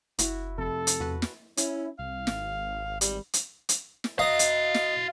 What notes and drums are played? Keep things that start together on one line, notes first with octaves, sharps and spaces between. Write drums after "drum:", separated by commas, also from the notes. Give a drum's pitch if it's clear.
F#1 E4 F#4 E5, drum: hi-hat
F2 C3 A4
drum: hi-hat
E2 F#4 B4 A5
drum: snare
C#4 E4, drum: hi-hat
C2 F5
G#1, drum: snare
G3, drum: hi-hat
drum: hi-hat
drum: hi-hat
drum: snare
F#4 D#5 F5 A#5
drum: hi-hat
drum: snare